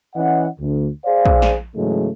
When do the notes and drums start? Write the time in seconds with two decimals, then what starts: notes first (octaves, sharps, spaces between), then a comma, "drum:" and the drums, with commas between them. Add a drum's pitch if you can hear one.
0.16 E3 C#4 D#5 F#5
0.60 D2
1.05 G#4 C5 D5 F5
1.25 drum: kick
1.42 drum: snare
1.76 G#2 C#3 E3 F#3 G#3 A3